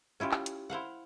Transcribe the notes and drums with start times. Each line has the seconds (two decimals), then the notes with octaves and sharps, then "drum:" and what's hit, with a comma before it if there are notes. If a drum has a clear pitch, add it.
0.20 C#4 E4 F4 G4
0.31 drum: clap
0.46 drum: hi-hat
0.70 E4 C5 F5 F#5